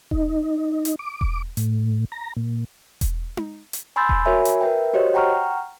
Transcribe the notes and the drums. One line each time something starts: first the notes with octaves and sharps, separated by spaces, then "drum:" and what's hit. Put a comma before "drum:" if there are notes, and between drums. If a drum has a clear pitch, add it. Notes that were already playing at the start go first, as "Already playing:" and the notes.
D#4, drum: kick E1
drum: hi-hat
D6
drum: kick E1
A2, drum: hi-hat
A#5
A#2
drum: kick E1, hi-hat
drum: tom D#4
drum: hi-hat
G#5 B5 C6 E6 G6 A6
drum: kick E1
F#4 A#4 C#5 E5 G#5 B5
drum: hi-hat
A#4 B4 E5 G5
F#4 G4 C5 C#5 D#5
F#5 G5 A#5 C#6 F6